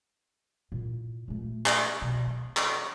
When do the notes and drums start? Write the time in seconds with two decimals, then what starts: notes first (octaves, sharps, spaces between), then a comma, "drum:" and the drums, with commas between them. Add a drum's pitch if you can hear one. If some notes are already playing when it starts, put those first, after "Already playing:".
0.72 A#2 E4
1.28 A#2 A3
1.66 drum: clap
2.02 B2
2.27 B3
2.57 drum: clap